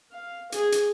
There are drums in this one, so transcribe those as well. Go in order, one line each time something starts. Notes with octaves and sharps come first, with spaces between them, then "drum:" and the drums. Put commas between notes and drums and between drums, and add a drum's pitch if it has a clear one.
F5
G#4, drum: hi-hat
drum: hi-hat